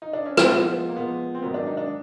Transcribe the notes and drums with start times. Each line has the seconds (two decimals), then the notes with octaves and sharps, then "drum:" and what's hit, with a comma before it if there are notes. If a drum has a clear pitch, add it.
0.02 D#4
0.13 D4
0.26 C#4
0.37 C4, drum: rim click
0.49 A#2 F3 G#3 B3
0.89 A#3
0.96 A#2 F3 G#3 B3
1.35 C4
1.42 G#2 D#3 F#3 B3
1.54 D4
1.67 D#4
1.77 D4